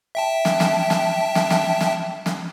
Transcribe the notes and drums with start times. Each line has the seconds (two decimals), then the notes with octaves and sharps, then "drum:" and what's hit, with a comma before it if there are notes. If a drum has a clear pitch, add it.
0.15 E5 G5 A5
0.45 drum: snare
0.60 drum: snare
0.90 drum: snare
1.35 drum: snare
1.50 drum: snare
1.81 drum: snare
2.26 drum: snare